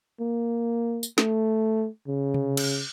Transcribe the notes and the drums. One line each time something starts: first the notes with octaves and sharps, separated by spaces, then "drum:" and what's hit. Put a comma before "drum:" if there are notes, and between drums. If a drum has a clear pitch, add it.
A#3
drum: tambourine
A3, drum: snare
C#3
drum: tom C3
drum: cymbal